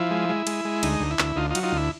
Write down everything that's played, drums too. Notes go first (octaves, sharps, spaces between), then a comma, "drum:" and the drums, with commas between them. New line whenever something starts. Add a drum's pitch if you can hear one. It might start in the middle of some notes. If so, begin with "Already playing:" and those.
Already playing: F3 E4
G#3
G#3
G#3, drum: cymbal
G#3
D2 D#4, drum: cymbal
D2
E4
D2, drum: clap
D2 D#4 F4
D#4 F4
F#3, drum: cymbal
D#4 F4
D2 E4